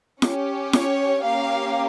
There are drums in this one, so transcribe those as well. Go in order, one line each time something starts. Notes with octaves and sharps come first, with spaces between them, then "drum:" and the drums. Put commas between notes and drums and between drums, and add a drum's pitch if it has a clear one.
C#4 G4, drum: snare
C#5, drum: snare
A#3 C#4 G4 F5